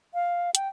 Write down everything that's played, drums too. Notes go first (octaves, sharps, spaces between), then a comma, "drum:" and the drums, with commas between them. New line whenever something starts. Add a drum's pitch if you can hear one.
F5
G5, drum: hi-hat